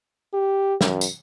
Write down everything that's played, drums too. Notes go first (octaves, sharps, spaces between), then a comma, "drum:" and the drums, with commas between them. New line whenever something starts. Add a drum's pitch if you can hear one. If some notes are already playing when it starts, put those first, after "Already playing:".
G4
F#2, drum: snare
drum: tambourine